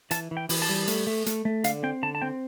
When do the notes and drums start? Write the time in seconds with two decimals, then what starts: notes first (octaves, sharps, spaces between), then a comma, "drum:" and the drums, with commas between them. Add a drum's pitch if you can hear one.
0.11 E3 A5, drum: hi-hat
0.31 E3
0.37 G5
0.49 E3, drum: open hi-hat
0.62 A5
0.69 G3
0.88 A3, drum: hi-hat
1.07 A3
1.26 A3, drum: hi-hat
1.45 A3
1.64 D3 F5, drum: hi-hat
1.83 C4 G5
2.03 D3 A5
2.15 A5
2.22 C4 G5